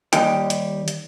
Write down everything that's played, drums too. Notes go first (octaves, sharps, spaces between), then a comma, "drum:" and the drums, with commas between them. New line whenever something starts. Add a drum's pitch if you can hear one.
D#2 G3 D#4 G5, drum: hi-hat
drum: hi-hat
drum: hi-hat